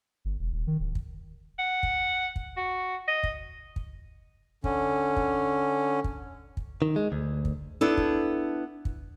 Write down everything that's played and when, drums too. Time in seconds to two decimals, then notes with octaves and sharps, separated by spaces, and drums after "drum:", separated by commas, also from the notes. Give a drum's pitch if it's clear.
0.25 G1
0.39 E1
0.52 D#1
0.67 D#3
0.80 D1
0.95 drum: kick
1.59 F#5
1.83 drum: kick
2.36 drum: kick
2.57 F#4
3.08 D#5
3.23 drum: kick
3.76 drum: kick
4.64 D3 C#4, drum: kick
5.17 drum: kick
6.04 drum: kick
6.57 drum: kick
6.82 D#3
6.96 G#3
7.12 D2
7.45 drum: kick
7.81 B3 D4 E4 A4
7.97 drum: kick
8.85 drum: kick